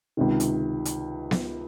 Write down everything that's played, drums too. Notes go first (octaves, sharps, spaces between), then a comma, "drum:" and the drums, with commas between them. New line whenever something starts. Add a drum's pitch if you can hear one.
C#2 C3 D#3
drum: hi-hat
drum: hi-hat
drum: snare B3